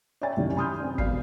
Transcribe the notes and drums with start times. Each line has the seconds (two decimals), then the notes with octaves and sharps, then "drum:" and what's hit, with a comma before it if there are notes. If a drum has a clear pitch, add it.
0.22 C#5 D5 E5 G5 G#5 A6
0.37 C2 F#2 D#3
0.56 G#5 B5 C6 D#6 F6 G6
0.79 C4 D5
0.98 E1 B2 D5 F5 F6 C7, drum: kick